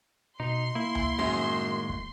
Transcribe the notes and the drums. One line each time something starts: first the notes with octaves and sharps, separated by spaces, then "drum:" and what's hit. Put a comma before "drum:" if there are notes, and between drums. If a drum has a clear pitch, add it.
B2 D#4 C6
A#3 E4
drum: tom C#2
F#2 A2 D#3 G#3
drum: kick